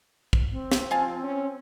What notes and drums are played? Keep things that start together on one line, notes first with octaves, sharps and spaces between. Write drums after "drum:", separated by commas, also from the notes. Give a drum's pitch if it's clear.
drum: kick
C4
drum: snare
F3 F5 G#5 A5
C#4